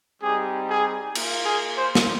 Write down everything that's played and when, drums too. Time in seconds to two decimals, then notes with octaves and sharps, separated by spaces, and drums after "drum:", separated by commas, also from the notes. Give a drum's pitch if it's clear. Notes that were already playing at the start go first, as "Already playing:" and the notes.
0.23 G3 C4 D#4 G4 G#4
0.69 G#4
1.15 A#3 F4, drum: cymbal
1.46 G#4
1.77 C5
1.95 drum: snare